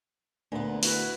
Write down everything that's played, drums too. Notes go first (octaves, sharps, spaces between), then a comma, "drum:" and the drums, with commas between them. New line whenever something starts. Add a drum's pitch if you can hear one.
D2 A#2 B3
E4 F#4 B4, drum: open hi-hat